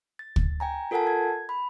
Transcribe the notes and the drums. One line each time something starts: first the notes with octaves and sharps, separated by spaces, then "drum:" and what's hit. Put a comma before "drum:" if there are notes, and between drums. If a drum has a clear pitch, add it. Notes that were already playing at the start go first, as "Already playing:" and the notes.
A6
drum: kick
G5 G#5 A#5
F4 A4 A#4 F#5 G#5 A5
G#6
B5